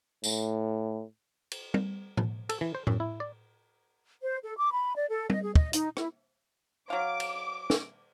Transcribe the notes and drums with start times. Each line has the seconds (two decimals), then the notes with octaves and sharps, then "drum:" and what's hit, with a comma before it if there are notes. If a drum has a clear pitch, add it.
0.24 A2, drum: tambourine
1.52 drum: cymbal
1.74 drum: tom G3
2.17 drum: tom A2
2.49 A4, drum: cymbal
2.61 E3
2.75 C5
2.87 F#2, drum: tom A2
3.00 E4
3.20 D5
4.22 C5
4.43 A4
4.58 D6
4.72 B5
4.95 D5
5.09 A4
5.30 D#5, drum: tom G3
5.44 G#4
5.55 D#5, drum: kick
5.73 D#4, drum: hi-hat
5.97 E4, drum: rim click
6.90 F#3 F5 D6
7.20 drum: cymbal
7.70 drum: snare